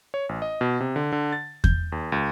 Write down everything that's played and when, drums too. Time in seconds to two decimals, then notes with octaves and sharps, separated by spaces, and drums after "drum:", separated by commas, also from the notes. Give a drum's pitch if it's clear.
0.14 C#5
0.29 A1
0.42 D#5
0.61 B2
0.80 C3
0.96 D3
1.12 D3
1.33 A6
1.64 G6, drum: kick E2
1.92 D#2
2.12 C#2